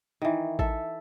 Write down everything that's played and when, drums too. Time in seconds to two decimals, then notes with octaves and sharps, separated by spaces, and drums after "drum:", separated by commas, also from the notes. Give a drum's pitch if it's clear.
0.22 D#3 E3
0.59 A4 E5, drum: kick A1